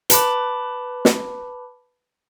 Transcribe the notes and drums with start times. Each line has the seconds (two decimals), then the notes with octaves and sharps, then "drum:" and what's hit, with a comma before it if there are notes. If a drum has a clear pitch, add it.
0.10 B4 A5 B5 D6, drum: hi-hat
1.05 drum: snare